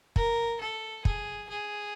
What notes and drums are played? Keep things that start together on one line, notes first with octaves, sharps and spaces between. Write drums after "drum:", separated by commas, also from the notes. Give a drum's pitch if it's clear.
A#4, drum: kick
A4
G#4, drum: kick
G#4